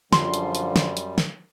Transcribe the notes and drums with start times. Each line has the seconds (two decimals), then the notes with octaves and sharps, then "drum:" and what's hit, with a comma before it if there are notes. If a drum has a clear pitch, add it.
0.13 F#2 D3 F3 G3 C6, drum: snare
0.34 drum: hi-hat
0.55 drum: hi-hat
0.76 drum: snare
0.97 drum: hi-hat
1.18 drum: snare